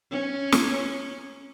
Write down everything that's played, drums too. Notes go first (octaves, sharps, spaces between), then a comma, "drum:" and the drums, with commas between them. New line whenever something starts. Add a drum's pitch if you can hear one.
C#4
drum: snare